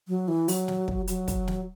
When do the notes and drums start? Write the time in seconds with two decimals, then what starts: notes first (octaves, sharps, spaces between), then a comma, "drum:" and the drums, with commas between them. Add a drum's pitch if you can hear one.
0.08 F#3
0.28 E3
0.48 F#3, drum: open hi-hat
0.68 drum: snare
0.88 drum: kick
1.07 F#3, drum: hi-hat
1.28 drum: kick, hi-hat
1.48 drum: snare